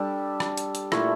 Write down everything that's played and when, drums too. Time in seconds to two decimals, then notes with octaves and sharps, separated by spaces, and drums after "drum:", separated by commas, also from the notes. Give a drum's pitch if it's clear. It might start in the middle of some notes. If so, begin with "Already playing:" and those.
Already playing: G3 D4 A4
0.40 drum: rim click
0.57 drum: hi-hat
0.75 drum: hi-hat
0.92 A#2 A3 E4 A4, drum: rim click